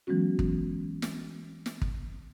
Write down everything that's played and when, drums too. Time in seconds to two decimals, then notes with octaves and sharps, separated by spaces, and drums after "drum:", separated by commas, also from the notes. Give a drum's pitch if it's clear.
0.07 E3 F#3 G#3 B3 C#4 F#4
0.39 drum: kick
1.02 drum: snare
1.66 drum: snare
1.82 drum: kick